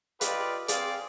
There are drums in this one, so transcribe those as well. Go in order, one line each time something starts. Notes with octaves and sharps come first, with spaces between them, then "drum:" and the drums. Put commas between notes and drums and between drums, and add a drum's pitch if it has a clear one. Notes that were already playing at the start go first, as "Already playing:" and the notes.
F4 G4 B4 D5 D#5 F5, drum: hi-hat
C4 G#4 D5 F5, drum: hi-hat